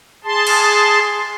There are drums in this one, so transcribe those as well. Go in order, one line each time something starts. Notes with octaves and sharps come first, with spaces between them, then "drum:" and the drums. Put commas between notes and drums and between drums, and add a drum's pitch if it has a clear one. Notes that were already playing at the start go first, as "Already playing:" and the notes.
G#4 A5 C6
drum: cymbal